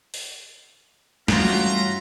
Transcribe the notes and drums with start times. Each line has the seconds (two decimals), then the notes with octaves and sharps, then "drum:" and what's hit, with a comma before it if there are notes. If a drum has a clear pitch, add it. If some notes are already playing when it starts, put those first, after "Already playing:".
0.14 drum: open hi-hat
1.28 G2 E3 A3 C#4 F4 F#4 E5 A#5, drum: snare